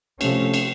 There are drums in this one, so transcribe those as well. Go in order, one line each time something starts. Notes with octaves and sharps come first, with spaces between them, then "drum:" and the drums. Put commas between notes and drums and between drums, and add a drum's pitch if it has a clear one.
C3 F3 A3 C#4, drum: cymbal
drum: cymbal